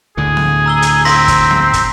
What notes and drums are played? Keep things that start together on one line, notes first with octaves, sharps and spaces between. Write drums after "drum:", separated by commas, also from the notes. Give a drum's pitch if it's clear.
D2 A2 D3 G#4
drum: snare B3
A#5 E6 G7
drum: hi-hat
C4 C6 A#6 B6, drum: open hi-hat
drum: kick, hi-hat
drum: snare B3
drum: kick, hi-hat